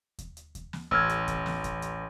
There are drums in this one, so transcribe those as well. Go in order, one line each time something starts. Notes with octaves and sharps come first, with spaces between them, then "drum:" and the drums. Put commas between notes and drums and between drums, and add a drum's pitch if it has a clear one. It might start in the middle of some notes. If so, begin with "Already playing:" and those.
drum: kick D#2, hi-hat
drum: hi-hat
drum: kick D#2, hi-hat
drum: snare
A1 E6 F6 G#6, drum: kick D#2
drum: hi-hat
drum: kick D#2, hi-hat
drum: snare
drum: kick D#2, hi-hat
drum: hi-hat